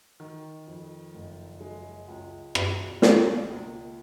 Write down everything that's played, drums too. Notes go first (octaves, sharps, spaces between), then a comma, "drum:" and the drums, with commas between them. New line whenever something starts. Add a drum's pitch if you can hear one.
D#3
F2
F#1
G#3
C#2
B2, drum: rim click
A#3, drum: snare
C#2